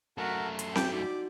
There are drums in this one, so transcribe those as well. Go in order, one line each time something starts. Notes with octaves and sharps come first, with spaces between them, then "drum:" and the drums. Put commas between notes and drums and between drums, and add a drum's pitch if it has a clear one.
F#2 A3 F#4 A#4 A5
C6, drum: hi-hat
F#4 G5 A5 D6, drum: snare C4
D#4 F#4 D5 D6